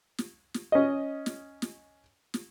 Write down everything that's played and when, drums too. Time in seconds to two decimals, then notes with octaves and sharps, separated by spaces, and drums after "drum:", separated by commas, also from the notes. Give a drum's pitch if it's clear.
0.18 drum: snare
0.54 drum: snare
0.72 C#4 D#5
1.26 drum: snare
1.62 drum: snare
2.34 drum: snare